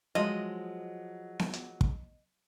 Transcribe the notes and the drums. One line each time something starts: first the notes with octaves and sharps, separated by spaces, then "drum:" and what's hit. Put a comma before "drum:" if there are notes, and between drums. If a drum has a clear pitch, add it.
F3 F#3 G#3 D#5
drum: snare B3
drum: hi-hat
drum: kick